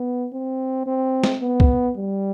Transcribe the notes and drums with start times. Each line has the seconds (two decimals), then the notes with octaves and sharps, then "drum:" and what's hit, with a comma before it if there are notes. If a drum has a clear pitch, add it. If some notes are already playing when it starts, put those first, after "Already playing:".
Already playing: B3
0.33 C4
0.87 C4
1.24 drum: snare
1.42 B3
1.60 drum: kick B1
1.96 G3